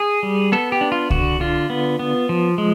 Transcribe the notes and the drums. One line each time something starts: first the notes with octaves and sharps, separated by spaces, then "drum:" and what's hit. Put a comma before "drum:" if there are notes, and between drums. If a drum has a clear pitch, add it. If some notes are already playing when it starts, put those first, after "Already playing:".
Already playing: G#4
G3
B3 A4
G4
D4
F4
D3 F#4, drum: kick C2
D3 F4
B3
B3
F3
G#3